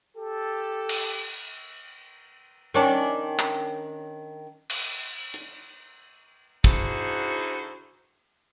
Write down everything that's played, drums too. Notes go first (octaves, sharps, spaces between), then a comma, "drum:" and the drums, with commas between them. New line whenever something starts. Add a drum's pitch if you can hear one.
G4 A4
drum: cymbal
D#3 C#4 D4
drum: clap
drum: cymbal
drum: hi-hat
D3 D#4 E4 F#4 G#4 C5, drum: kick